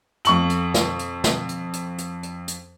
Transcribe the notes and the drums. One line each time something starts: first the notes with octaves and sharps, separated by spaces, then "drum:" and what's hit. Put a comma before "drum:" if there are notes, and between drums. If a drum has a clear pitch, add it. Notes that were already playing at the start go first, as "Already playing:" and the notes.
F2 C#6 F#7, drum: hi-hat
drum: hi-hat
drum: snare
drum: hi-hat
drum: snare
drum: hi-hat
drum: hi-hat
drum: hi-hat
drum: hi-hat
drum: hi-hat